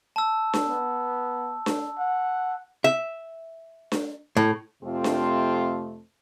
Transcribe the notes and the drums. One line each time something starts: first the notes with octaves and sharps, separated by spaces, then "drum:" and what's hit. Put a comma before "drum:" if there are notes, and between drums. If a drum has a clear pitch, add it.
A5 E6
drum: snare D4
B3
drum: snare D4
F#5
E5
drum: snare D4
A2
F2 C3 A3 C4 F4
drum: snare D4